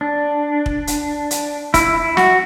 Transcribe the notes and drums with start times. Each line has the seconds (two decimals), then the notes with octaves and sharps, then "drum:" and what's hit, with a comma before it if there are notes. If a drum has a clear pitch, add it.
0.01 D4
0.66 drum: kick
0.87 drum: hi-hat
1.31 drum: hi-hat
1.74 E4, drum: kick, hi-hat
1.95 E4
2.17 F#4, drum: snare